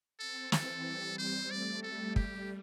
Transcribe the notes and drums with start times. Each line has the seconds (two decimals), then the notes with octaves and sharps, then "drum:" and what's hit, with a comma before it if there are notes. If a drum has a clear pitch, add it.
0.19 C4 A4
0.52 E3 A4, drum: snare
0.85 G3
1.18 C4 C5
1.50 A3 D5
1.83 G3 A4
2.16 G3 G4, drum: kick